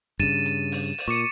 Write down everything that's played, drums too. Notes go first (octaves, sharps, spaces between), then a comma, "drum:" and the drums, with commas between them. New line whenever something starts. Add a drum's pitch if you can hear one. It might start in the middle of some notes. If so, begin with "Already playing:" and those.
G2 C#3 A6 D#7 E7, drum: kick, hi-hat
drum: hi-hat
drum: open hi-hat
drum: open hi-hat
A#2 C#6 D6 C#7